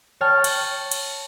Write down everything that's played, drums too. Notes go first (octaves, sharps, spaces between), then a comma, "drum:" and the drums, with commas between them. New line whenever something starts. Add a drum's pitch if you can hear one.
C#5 G5 A5 F6
drum: cymbal
drum: cymbal